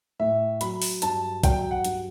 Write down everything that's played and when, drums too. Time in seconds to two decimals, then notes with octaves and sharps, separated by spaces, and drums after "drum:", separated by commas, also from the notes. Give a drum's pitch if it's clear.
0.19 A2 E5
0.61 F#3 B5, drum: hi-hat
0.82 drum: open hi-hat
1.02 G2 A5, drum: hi-hat
1.43 F#3 G5, drum: kick B1, hi-hat
1.71 F#5
1.85 G2, drum: hi-hat